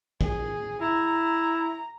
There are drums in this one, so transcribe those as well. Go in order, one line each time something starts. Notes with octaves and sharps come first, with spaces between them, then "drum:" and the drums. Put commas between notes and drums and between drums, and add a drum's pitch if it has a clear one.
G#4, drum: kick A#1
E4 A#5